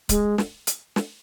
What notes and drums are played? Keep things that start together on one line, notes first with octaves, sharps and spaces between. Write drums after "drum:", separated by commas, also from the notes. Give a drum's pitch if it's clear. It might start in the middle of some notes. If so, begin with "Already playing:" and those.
G#3, drum: kick C#1, hi-hat
drum: snare
drum: hi-hat
drum: snare